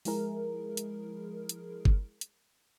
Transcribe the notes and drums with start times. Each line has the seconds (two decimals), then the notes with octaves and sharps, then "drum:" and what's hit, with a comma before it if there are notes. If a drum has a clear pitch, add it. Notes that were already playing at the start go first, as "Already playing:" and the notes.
0.05 F3 G#3 E4 G#4 A#4, drum: open hi-hat
0.77 drum: hi-hat
1.49 drum: hi-hat
1.85 drum: kick G1
2.21 drum: hi-hat